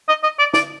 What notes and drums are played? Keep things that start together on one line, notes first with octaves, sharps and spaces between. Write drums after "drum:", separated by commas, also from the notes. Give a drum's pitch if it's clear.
D#5
D#5
D5
D5, drum: snare